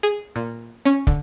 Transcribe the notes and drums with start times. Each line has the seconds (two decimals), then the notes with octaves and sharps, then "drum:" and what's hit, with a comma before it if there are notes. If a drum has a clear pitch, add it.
0.03 G#4
0.36 A#2
0.85 C#4
1.07 D3, drum: kick